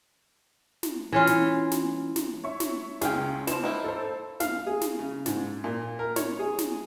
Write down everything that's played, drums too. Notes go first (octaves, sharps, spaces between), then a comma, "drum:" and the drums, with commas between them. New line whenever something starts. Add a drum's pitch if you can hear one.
drum: snare
E3 C#4 F4
drum: snare
drum: snare
drum: snare
C#5 E5 C#6
drum: snare
C#2 G#4 F5 G5, drum: snare
E3 F3 E7, drum: snare
A#3 D#4 E4
A4 C5
F5, drum: snare
G#4
drum: snare
C#3
G#2, drum: snare
A#2
A#4
C#5, drum: snare
G#4
drum: snare